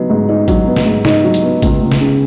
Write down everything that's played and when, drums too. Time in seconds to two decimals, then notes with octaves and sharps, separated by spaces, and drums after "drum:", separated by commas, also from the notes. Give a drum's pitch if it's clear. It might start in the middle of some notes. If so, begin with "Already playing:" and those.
Already playing: F#3 B3 D#4
0.10 G#2
0.29 D#4
0.48 F#3, drum: kick, hi-hat
0.67 B3
0.76 drum: snare
0.86 G#2
1.05 D#4, drum: snare
1.24 F#3
1.34 drum: hi-hat
1.43 B3
1.62 C#2, drum: kick, hi-hat
1.82 C#2
1.92 drum: snare
2.01 C#3